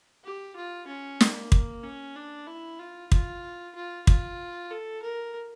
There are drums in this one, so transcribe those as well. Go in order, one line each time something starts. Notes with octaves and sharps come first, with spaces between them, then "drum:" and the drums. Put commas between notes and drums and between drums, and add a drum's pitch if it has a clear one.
G4
F4
C#4
A#3, drum: snare
drum: kick
C#4
D4
E4
F4
F4, drum: kick
F4
F4, drum: kick
A4
A#4